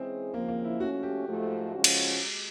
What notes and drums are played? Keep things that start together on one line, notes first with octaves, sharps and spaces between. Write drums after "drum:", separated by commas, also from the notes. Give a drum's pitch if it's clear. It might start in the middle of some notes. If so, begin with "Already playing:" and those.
Already playing: E3 G#3 C4 C#4 E4 G#4
D#2 C#3 F3 A#3
A#3
E4
F3 A3 C#4 F#4
G4
G#2 F3 A3
C#3 F3 G#3 C#4 F#4
drum: cymbal
G#3